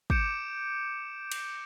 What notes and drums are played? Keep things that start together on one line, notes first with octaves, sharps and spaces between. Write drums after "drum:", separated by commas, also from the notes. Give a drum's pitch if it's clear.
D6 G6 C#7 D7 E7, drum: kick
drum: cymbal